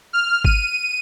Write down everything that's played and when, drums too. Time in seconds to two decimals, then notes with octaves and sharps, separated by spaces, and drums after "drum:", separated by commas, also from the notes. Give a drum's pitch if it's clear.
0.13 F6
0.45 D#7, drum: kick G#1